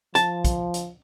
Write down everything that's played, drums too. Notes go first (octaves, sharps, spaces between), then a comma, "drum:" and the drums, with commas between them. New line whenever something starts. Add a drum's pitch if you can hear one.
F3 A5, drum: hi-hat
drum: kick, hi-hat
drum: hi-hat